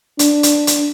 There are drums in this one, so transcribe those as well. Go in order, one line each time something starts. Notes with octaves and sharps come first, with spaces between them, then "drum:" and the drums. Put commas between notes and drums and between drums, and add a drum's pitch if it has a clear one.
D4, drum: hi-hat
drum: hi-hat
drum: hi-hat